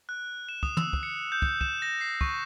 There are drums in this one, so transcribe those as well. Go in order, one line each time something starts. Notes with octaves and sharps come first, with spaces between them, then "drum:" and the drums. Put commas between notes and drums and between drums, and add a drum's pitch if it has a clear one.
F#6
E7
D#6, drum: kick
E6, drum: tom
drum: kick
C#7
G6
drum: kick
E7, drum: kick
A#6
C7
C#6, drum: kick